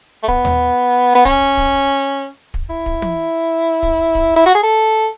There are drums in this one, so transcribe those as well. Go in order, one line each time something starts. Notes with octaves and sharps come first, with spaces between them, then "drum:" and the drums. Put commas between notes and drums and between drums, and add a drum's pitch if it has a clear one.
A3
B3, drum: kick
drum: tom D#2
B3
C#4, drum: kick
drum: kick
drum: kick
E4
drum: kick
drum: tom
drum: kick
drum: kick
E4
F#4
G#4
A4